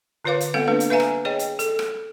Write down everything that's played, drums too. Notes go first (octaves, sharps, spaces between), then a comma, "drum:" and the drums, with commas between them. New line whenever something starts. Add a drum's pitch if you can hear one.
D3 F4 B4 C#5 F5 D6
drum: hi-hat
G#3 B3 C4 A4 F5 F#5
A#3 D4 B4 F5
drum: hi-hat
B4 E5 F5 G#5 A#5
drum: rim click
G#4 C#5 D#5 G5
drum: hi-hat
A4, drum: hi-hat
drum: rim click